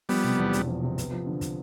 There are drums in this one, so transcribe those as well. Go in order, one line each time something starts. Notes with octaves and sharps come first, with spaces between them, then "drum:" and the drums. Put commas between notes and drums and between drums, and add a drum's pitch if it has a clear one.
F3 G3 B3, drum: open hi-hat
C3
E2
E1, drum: hi-hat
F3
C3
B3, drum: kick, hi-hat
F3
D3
drum: kick, hi-hat